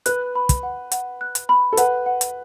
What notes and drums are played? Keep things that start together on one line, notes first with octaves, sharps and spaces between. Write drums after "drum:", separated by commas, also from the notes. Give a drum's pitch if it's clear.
B4 F#6, drum: hi-hat
B5
drum: kick, hi-hat
F#5
F#5, drum: hi-hat
F#6
drum: hi-hat
B5
A4
B4 F#5, drum: hi-hat
F#5
drum: hi-hat